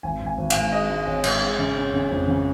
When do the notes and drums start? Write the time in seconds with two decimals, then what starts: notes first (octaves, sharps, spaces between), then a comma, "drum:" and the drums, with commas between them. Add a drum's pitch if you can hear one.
0.03 G#1 G#5
0.21 G#1
0.26 G#5
0.38 G#1
0.50 F5, drum: cymbal
0.56 G#2
0.72 G#3 D#5
0.90 G#3
1.07 G#1 C#5
1.24 G#2, drum: cymbal
1.42 G#3
1.59 C#3
1.76 C#4
1.93 C#3
2.11 F2
2.27 C#3